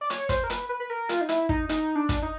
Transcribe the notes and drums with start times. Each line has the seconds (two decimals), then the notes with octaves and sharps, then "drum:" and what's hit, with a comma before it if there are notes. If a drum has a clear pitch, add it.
0.01 D5
0.10 C#5, drum: hi-hat
0.29 C5, drum: kick, hi-hat
0.44 A#4
0.50 B4, drum: hi-hat
0.69 B4
0.80 B4
0.90 A#4
1.09 F4, drum: hi-hat
1.21 D#4
1.29 E4, drum: hi-hat
1.49 D#4, drum: kick
1.69 D#4, drum: hi-hat
1.96 D4
2.09 drum: kick, hi-hat
2.22 D#4